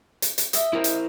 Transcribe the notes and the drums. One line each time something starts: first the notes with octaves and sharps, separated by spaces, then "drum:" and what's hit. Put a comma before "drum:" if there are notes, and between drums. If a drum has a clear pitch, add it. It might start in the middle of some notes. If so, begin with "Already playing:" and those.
drum: hi-hat
drum: hi-hat
D#5 E5, drum: hi-hat
E4 A#4 C5
drum: hi-hat